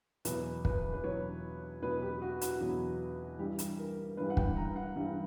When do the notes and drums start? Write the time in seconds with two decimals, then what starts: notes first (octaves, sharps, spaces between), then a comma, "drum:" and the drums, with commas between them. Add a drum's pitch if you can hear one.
0.25 E2 B2 F#3 B4, drum: hi-hat
0.65 B4, drum: kick
0.94 B4
1.03 E2 B2 F#3 C#5
1.82 E2 B2 F#3 B4
2.02 G4
2.22 F#4
2.41 F#4, drum: hi-hat
2.60 E2 B2 F#3
3.39 G2 E3 G3 G4
3.59 drum: hi-hat
3.78 A#4
4.17 G2 E3 G3 B4
4.30 F#5
4.37 G5, drum: kick
4.56 A#5
4.76 F#5
4.96 G2 E3 G3